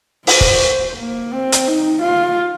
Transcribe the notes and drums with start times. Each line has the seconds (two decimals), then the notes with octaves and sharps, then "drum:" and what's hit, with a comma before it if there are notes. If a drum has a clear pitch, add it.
0.27 C5, drum: open hi-hat
0.41 drum: kick
0.97 A#3
1.32 C4
1.52 drum: hi-hat
1.67 D#4
2.03 F4